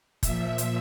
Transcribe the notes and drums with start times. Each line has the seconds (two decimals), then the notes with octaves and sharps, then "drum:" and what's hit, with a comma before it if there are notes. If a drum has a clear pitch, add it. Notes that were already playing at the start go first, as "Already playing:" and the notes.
0.23 A#2 F3 E5, drum: kick F#1, hi-hat
0.58 drum: hi-hat